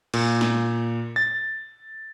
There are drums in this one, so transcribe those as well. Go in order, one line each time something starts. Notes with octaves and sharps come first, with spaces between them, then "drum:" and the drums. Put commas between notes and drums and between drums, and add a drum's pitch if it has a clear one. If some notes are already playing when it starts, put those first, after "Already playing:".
A#2, drum: cymbal
drum: snare
A6